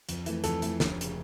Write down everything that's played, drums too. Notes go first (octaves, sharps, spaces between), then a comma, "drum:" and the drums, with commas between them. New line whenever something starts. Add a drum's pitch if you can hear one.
F2, drum: hi-hat
E3 A3, drum: hi-hat
F2 A4, drum: hi-hat
E3 A3, drum: hi-hat
F1, drum: snare
C#3, drum: hi-hat